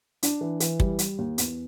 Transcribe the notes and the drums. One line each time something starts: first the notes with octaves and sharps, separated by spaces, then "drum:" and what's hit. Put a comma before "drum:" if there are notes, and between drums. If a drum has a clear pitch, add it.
D4, drum: hi-hat
E3
E3, drum: hi-hat
G3, drum: kick
G3, drum: hi-hat
D#2
E2, drum: hi-hat